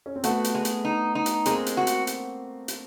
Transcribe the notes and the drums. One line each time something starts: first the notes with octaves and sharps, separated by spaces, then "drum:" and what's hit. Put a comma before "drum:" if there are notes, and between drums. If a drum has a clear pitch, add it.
C#4
C4
A3 B3 F#4, drum: hi-hat
drum: hi-hat
G#3
drum: hi-hat
D#4
D#4
drum: hi-hat
G#3 A#3 C4, drum: hi-hat
drum: hi-hat
F#4
drum: hi-hat
drum: hi-hat
drum: hi-hat